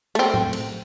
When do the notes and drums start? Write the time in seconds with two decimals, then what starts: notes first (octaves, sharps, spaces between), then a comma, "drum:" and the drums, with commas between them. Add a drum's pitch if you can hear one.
0.15 A3 C4, drum: cymbal
0.34 drum: tom A2
0.53 drum: cymbal